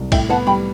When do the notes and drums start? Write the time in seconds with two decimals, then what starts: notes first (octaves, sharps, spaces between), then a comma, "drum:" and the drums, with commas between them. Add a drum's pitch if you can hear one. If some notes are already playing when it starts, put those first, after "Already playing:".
Already playing: C2
0.12 A2 E5 G5, drum: kick, cymbal
0.29 B3 F#5 A5
0.47 G3 G5 B5